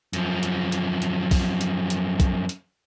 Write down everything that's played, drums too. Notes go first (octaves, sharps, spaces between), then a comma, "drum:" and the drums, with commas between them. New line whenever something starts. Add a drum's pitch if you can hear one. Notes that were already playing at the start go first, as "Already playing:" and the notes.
F#2 F3, drum: hi-hat
drum: hi-hat
drum: hi-hat
drum: hi-hat
drum: kick, open hi-hat
drum: hi-hat
drum: hi-hat
drum: kick, hi-hat
drum: hi-hat